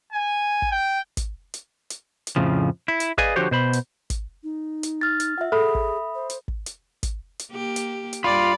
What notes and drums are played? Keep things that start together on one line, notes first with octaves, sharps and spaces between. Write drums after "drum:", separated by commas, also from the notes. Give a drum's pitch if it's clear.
G#5
drum: kick
G5
drum: kick, hi-hat
drum: hi-hat
drum: hi-hat
drum: hi-hat
F2 A2 C#3 F3
E4
drum: hi-hat
G#4 B4 D5 D#5 F5 G#5, drum: kick
D3 F3 F#4 G4 C5 C#5
B2 C5 B5
drum: hi-hat
drum: kick, hi-hat
D#4
drum: hi-hat
F6 A6
drum: hi-hat
F4 E5 F#5
G#4 A4 E5 B5 D#6
drum: kick
C5
drum: hi-hat
drum: kick
drum: hi-hat
drum: kick, hi-hat
drum: hi-hat
A#3 G4
drum: hi-hat
drum: hi-hat
G2 F4 G4 D5 B5